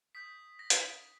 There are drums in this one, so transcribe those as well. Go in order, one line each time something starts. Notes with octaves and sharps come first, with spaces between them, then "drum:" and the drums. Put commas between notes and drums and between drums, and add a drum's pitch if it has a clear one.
D#6 G6 B6
A#6
drum: hi-hat